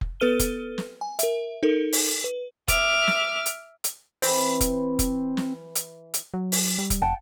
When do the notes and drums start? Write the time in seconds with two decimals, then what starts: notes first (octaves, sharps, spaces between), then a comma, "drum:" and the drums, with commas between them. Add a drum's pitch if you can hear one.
0.01 drum: kick F1
0.20 B3 A4 B4 F6 D#7 G7
0.39 drum: kick F1, hi-hat
0.78 drum: snare
1.01 G#5
1.19 A#4 E5, drum: hi-hat
1.63 D#4 A4 A#4
1.93 drum: open hi-hat
2.24 B4
2.68 E5 D6 F6, drum: kick F1, hi-hat
3.07 drum: snare
3.46 drum: hi-hat
3.84 drum: hi-hat
4.22 E3 C4, drum: open hi-hat
4.61 drum: kick F1, hi-hat
4.99 drum: kick F1, hi-hat
5.37 drum: snare
5.75 drum: hi-hat
6.14 drum: hi-hat
6.34 F#3
6.52 drum: open hi-hat
6.78 G3
6.90 drum: kick F1, hi-hat
7.02 F1 F#5 G5 A5